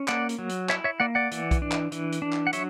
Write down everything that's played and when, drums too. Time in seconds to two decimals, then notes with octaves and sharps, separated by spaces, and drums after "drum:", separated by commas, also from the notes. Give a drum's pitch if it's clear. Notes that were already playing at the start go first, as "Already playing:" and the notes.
Already playing: C#4
0.08 A#3 D5 F#5, drum: clap
0.29 drum: hi-hat
0.39 F#3
0.49 drum: hi-hat
0.69 E4 C#5 E5, drum: clap
0.84 C#5 E5
1.00 A#3 D5 F#5
1.15 D5 F#5
1.31 E3, drum: hi-hat
1.51 drum: kick B1, hi-hat
1.62 D4
1.72 drum: clap
1.92 E3, drum: hi-hat
2.12 drum: hi-hat
2.22 D4
2.33 drum: clap
2.47 F#5
2.53 F#3 C#5 E5, drum: hi-hat